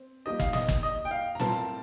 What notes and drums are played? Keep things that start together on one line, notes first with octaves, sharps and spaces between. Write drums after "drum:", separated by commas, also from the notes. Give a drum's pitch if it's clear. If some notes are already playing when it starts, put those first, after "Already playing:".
Already playing: C4
G3 A#3 D#4 G4 A#4 D#5
F5, drum: kick
D#5, drum: snare
drum: kick
D#5
G5
F5
A#5
A2 G3 C4 F4 A#4 A5, drum: snare